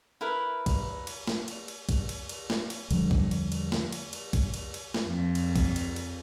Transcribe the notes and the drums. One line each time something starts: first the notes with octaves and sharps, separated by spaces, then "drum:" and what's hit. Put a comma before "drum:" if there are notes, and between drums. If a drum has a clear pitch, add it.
E4 A#4 B4
drum: kick, cymbal
drum: cymbal
drum: snare
drum: cymbal
drum: cymbal
drum: kick, cymbal
drum: cymbal
drum: cymbal
drum: snare
drum: cymbal
E2 D3 F3 G3, drum: cymbal
drum: kick
drum: cymbal
drum: cymbal
drum: snare
drum: cymbal
drum: cymbal
drum: kick, cymbal
drum: cymbal
drum: cymbal
drum: snare
F2
drum: cymbal
drum: kick, cymbal
drum: cymbal
drum: cymbal